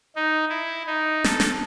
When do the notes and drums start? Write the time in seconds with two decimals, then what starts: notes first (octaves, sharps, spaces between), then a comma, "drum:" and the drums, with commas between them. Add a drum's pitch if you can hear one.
0.16 D#4
0.49 E4
0.87 D#4
1.24 A4, drum: snare
1.40 drum: snare